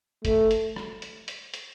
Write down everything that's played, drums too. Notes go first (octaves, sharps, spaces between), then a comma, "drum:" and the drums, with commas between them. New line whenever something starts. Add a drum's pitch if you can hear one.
A3, drum: kick, hi-hat
drum: hi-hat
drum: rim click
drum: hi-hat
drum: hi-hat
drum: hi-hat